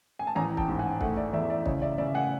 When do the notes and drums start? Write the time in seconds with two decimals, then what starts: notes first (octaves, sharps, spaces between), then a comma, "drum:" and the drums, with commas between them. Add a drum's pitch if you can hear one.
0.19 G#5
0.27 A5
0.35 A1 G#5 A#5
0.57 G5 A5, drum: kick
0.68 G#2
0.79 F#5 G#5
1.01 A3 E5 F#5, drum: kick
1.17 D5 E5
1.33 E2 D5 E5
1.50 D5 E5
1.66 C#3 C#5 D#5, drum: kick
1.82 D5 E5
1.98 C#3 D5 E5
2.14 F#5 G#5